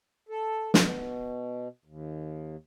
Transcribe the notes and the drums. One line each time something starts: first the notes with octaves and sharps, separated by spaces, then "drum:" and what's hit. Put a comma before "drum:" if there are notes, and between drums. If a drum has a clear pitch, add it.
A4
B2, drum: snare
D#2